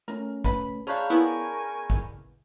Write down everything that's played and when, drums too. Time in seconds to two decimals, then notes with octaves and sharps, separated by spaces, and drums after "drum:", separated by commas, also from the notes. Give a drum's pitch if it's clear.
0.08 A3 C#4 A#4
0.44 B4 B5, drum: kick
0.87 C#4 D4 G#4 F5 A#5 B5 C#6 G6
1.10 B3 E4 A#4 G#5 C#6
1.90 drum: kick